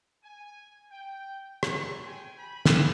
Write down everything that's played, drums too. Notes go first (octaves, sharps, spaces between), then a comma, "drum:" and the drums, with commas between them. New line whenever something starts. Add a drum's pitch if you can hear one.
G#5
G5
drum: rim click
D4 G4 A4 A#5 C6 C#6
G5 G#5
B5
drum: snare